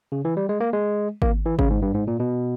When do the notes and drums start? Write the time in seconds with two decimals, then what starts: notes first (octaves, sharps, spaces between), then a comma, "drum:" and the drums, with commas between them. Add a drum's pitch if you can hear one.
0.12 C#3
0.25 E3
0.37 G3
0.49 G#3
0.60 A#3
0.73 G#3
1.22 A#3, drum: kick G#1
1.46 E3
1.59 C#3, drum: kick G#1
1.70 G#2
1.82 G2
1.94 G#2
2.07 A#2
2.20 B2